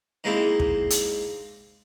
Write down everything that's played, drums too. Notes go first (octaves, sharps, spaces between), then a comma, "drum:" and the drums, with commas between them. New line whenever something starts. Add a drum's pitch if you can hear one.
D#3 G#3 A#3 C4 E4
drum: kick
drum: hi-hat